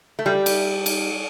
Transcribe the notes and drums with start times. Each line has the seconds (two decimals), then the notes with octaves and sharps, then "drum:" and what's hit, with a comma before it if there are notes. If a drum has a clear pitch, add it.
0.19 A3
0.26 G3
0.46 drum: cymbal
0.86 drum: cymbal